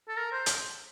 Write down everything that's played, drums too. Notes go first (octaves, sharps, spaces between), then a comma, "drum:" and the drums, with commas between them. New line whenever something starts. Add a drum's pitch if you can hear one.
A4
A#4
C5
drum: hi-hat